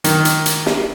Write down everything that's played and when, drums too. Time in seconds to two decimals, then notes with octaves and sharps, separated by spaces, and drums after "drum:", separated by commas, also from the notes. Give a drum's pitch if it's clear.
0.04 D#3, drum: hi-hat
0.25 drum: hi-hat
0.46 drum: hi-hat
0.66 drum: snare